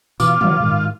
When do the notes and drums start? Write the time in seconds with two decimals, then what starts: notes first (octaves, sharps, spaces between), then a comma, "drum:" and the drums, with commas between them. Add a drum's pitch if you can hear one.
0.20 B2 E3 F4 D6, drum: tambourine
0.41 C3 E3 F#3, drum: tom
0.60 G#2 D#3